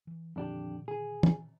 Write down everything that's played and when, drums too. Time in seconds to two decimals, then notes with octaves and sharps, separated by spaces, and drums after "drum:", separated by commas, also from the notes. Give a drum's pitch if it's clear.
0.07 E3
0.36 F2 A#2 D3 D#3 D4 G4
0.88 G#4
1.23 drum: tom